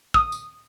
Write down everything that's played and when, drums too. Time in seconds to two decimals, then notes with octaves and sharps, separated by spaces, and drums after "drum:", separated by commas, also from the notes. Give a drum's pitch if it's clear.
0.14 D#6, drum: kick
0.32 drum: tambourine